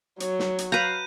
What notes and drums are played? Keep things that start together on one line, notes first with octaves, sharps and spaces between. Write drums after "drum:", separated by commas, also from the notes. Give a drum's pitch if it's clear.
F#3 C#5, drum: hi-hat
drum: snare
drum: hi-hat
B4 F5 A#5 G6 D#7